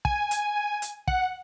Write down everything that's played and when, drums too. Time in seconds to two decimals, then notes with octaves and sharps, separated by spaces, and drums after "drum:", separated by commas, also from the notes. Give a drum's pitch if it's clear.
0.05 G#5, drum: kick
0.31 drum: hi-hat
0.82 drum: hi-hat
1.07 F#5, drum: kick